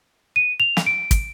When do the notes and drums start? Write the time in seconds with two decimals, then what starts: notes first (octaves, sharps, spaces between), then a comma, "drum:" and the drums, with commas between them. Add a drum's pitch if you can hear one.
0.36 D#7
0.60 F7
0.77 drum: snare
0.87 D7
1.11 drum: kick, hi-hat